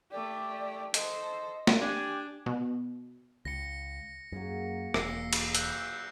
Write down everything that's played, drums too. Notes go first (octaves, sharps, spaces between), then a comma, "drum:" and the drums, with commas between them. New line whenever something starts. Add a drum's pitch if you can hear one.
A3 G4 D5
A4 C5 D#5, drum: hi-hat
drum: snare
D4 G4 G#5
B2
C#2 A#6 C#7
F#2 F#3 A#3 G#4
E1 A#2 E6 A#6 C7, drum: rim click
drum: cymbal
E6 F#6 G6, drum: hi-hat